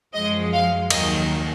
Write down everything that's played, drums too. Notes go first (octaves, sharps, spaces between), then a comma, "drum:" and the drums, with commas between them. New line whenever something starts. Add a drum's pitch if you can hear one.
F#2 F3 G#3 D#5
F5
D#2 D#3 F#3 D#5, drum: cymbal